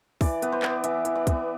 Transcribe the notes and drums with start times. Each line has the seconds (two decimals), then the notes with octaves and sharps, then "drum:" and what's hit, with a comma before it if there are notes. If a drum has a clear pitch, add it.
0.21 E3 D5, drum: kick, open hi-hat
0.42 B3 B4, drum: hi-hat
0.52 C5
0.62 B3 D5, drum: clap
0.84 E3 E5, drum: hi-hat
1.05 E3, drum: hi-hat
1.15 D5
1.27 B3, drum: kick, hi-hat